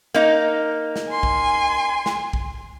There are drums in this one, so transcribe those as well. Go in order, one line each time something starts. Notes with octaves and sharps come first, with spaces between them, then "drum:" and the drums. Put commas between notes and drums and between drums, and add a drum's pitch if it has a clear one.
A#3 D#4
drum: snare
G#5 C6
drum: kick A#1
drum: snare
drum: kick A#1